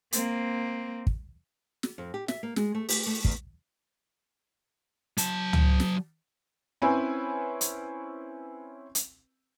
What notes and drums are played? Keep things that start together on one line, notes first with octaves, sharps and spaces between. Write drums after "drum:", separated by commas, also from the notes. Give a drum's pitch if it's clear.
A#3 C4, drum: hi-hat
drum: kick
drum: snare
F2
G4
E5, drum: snare
A#3
G#3, drum: snare
A3
G4, drum: open hi-hat
A3
E2, drum: kick
F#3 A5, drum: hi-hat
drum: tom C#2
drum: snare
C4 C#4 E4 B4 G#5
drum: hi-hat
drum: hi-hat